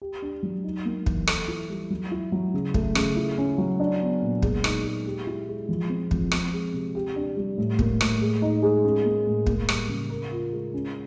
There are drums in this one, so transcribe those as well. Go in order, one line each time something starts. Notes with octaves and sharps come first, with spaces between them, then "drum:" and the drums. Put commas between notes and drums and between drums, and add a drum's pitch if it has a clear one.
G4
D4
F#3
D#4
A#3
E3, drum: kick
A4, drum: rim click
E4
G3
F#3
E4
F#3
C#3
A3, drum: kick
C#3, drum: rim click
E4
C#4
F#3
D4
B3
A#2
G#3, drum: kick
D#4, drum: rim click
G#3
G4
E4
G#3
F3
C4
F3, drum: kick
C4, drum: rim click
G#3
C3
G4
D4
G3
A2
A#3, drum: kick
A2, drum: rim click
G#3
D#4
G#3
C#4
A#3
A2
A#3, drum: kick
G3, drum: rim click
C#3
A#4
F4
G#3
C#4